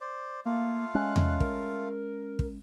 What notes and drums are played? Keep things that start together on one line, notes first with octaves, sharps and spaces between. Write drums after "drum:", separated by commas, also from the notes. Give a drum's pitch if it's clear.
C5 D5
A3 A#3 F4 F5
G#3 C#4 F#6
drum: tom E2
A#4, drum: kick
drum: kick